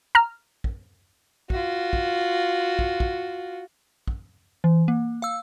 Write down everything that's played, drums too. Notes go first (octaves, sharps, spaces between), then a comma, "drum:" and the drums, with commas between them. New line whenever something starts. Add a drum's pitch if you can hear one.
A#5 F6
drum: kick
F4 F#4, drum: kick
drum: kick
drum: kick
drum: kick
drum: kick
E3
A#3
F5 E6